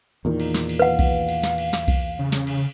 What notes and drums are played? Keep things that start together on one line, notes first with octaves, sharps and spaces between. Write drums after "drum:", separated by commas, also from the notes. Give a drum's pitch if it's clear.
E2 A#2 D#3 D#4
drum: cymbal
drum: snare
drum: cymbal
B4 F5 F#5
drum: kick B1, cymbal
drum: cymbal
drum: snare
drum: cymbal
drum: snare
drum: kick B1, cymbal
C#3
drum: snare
drum: cymbal